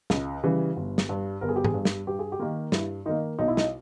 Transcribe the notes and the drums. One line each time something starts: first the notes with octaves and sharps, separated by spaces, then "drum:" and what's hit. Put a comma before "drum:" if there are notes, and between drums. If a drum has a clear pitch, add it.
C#2, drum: snare
C#3 E3 G3
G1
drum: snare
G2 G3
G1 A#4
G#4
G4
G#4, drum: tom G#2
G2 G3
drum: snare
G2 G4
G#4
G4
D#3 A#3
G2 E4, drum: snare
D#3 A#3 D#4
B1 D#4
E4
D#4, drum: snare